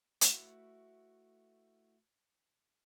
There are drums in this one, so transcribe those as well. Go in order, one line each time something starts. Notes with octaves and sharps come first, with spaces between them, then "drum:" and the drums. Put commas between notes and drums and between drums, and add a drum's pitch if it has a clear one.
A3 E4 F#4 B4, drum: hi-hat